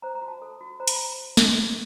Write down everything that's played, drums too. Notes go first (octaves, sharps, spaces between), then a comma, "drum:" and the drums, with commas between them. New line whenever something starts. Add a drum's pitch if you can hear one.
C5 A#5
A#5
F#4
A5
A4
F#4
C5 A#5
B5, drum: hi-hat
A#5
drum: snare